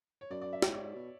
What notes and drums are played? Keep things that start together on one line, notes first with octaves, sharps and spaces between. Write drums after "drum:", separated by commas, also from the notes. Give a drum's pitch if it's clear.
C#5
F#2 D5
D5
E5
G#2 C#5, drum: snare
D5
B2